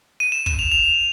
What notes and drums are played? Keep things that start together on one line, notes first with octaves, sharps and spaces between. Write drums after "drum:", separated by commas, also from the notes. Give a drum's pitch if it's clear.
D#7
E7
E7, drum: kick
F7
F7